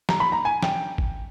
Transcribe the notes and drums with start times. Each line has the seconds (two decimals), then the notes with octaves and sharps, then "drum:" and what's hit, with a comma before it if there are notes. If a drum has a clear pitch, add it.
0.09 A#5, drum: snare
0.20 B5
0.32 A#5
0.45 G#5
0.63 G5, drum: snare
0.98 drum: kick